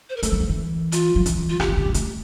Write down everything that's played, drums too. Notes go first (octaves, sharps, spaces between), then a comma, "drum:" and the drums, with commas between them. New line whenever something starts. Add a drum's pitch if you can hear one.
C5
A#4
A3 A4, drum: hi-hat
G3
F3
E3
F4, drum: hi-hat
F3
E3, drum: hi-hat
F4
D3 G4, drum: rim click
E3
D3
F3
A3, drum: hi-hat